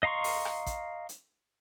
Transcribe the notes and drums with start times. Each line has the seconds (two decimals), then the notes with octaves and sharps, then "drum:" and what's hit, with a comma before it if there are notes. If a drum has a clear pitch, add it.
0.03 D#5 F5 A#5 C6 C#6
0.24 drum: open hi-hat
0.45 drum: rim click
0.66 drum: kick, hi-hat
1.09 drum: hi-hat